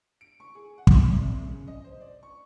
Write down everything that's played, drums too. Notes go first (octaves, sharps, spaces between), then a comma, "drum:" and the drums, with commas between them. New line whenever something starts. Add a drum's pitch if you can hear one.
D7
C#6
G#4
F#5
drum: kick
C2
C#3
D#5
C5
D5
C#6